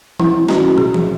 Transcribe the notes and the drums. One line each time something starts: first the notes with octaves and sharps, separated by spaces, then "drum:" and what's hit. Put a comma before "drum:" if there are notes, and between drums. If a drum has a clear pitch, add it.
E4, drum: tom E3
D#3 F#3 C#4 F#4, drum: snare
G#4, drum: tom
drum: tom E3